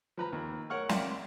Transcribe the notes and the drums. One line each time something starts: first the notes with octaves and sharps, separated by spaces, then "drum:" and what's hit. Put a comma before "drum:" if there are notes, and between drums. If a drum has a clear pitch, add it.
F3 B4 A#5
D#2
A#4 C#5 F#5 C#6 F6
A#4 D5 E5 F5 G5 C6, drum: snare